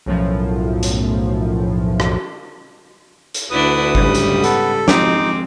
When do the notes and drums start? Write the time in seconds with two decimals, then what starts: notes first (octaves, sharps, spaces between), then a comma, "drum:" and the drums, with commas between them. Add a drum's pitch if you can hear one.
0.06 B1 F#2 A2 F3
0.83 drum: hi-hat
2.00 drum: rim click
3.34 drum: hi-hat
3.51 D2 D4 E4 F#4 B4 D#6
3.95 G#2 C#3 G3, drum: kick G1
4.15 drum: hi-hat
4.44 B3 A4, drum: hi-hat
4.88 F2 G#3 C4 D#4 D6, drum: snare